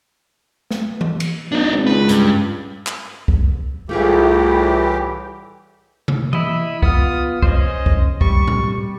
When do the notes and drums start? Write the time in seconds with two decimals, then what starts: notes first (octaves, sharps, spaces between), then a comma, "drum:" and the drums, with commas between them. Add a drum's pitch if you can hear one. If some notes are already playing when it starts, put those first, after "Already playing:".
0.71 drum: snare
1.01 drum: tom E3
1.20 drum: cymbal
1.52 B1 D4 D#4
1.72 G#1
1.87 C#2 B4
2.09 G2, drum: hi-hat
2.87 drum: clap
3.28 drum: kick
3.89 C2 A2 E3 A3 F4 G4 G#4
6.08 drum: tom C3
6.33 E4 D#5 B5, drum: tom E3
6.82 B3 F4 D#6, drum: kick
7.42 C#4 C5 D#5, drum: kick
7.86 drum: kick
8.21 G3 C#6, drum: kick
8.47 drum: tom A2